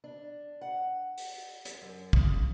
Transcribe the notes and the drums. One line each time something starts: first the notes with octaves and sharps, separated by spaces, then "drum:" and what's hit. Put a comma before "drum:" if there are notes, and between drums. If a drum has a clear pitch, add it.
D4
F#5
drum: open hi-hat
drum: hi-hat
F#2
C#3, drum: kick